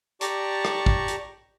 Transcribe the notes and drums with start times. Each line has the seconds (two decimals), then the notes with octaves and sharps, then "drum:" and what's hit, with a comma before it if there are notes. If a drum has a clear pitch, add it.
0.21 G4 D5 A5 A#5 C#6, drum: hi-hat
0.65 drum: rim click
0.86 drum: kick
1.08 drum: hi-hat